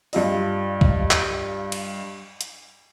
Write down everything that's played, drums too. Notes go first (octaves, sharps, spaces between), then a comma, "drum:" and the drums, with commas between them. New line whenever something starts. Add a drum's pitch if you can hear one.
G2 F4 D#5, drum: open hi-hat
drum: kick
drum: clap
drum: cymbal
drum: hi-hat